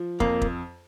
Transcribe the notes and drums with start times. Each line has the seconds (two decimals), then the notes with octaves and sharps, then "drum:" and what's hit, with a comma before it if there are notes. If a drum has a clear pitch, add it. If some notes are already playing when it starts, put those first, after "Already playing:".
Already playing: F3
0.20 F2 A#3, drum: kick
0.42 drum: kick